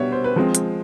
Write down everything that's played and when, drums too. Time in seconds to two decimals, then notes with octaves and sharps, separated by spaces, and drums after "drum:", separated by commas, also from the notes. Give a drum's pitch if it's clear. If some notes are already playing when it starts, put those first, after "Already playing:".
Already playing: B2 G3 B3 D4 C#5 E5
0.12 C5
0.24 B4
0.36 F3 G#3 C4
0.55 drum: hi-hat